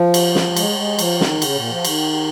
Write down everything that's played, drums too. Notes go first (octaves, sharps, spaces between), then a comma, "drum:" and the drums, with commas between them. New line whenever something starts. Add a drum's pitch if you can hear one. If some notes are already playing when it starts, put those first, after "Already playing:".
Already playing: F3
drum: cymbal
drum: snare
G#3, drum: cymbal
G#3
F3, drum: cymbal
D#3, drum: snare
C#3, drum: cymbal
A#2
F3
D#3, drum: cymbal